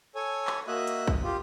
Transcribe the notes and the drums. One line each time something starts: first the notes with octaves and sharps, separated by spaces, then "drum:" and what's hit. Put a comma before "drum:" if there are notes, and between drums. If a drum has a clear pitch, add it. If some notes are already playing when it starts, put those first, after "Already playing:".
A4 C#5 G#5
drum: clap
A#3 F#4 D#5 E5 F#6
drum: hi-hat
drum: kick
F4 G4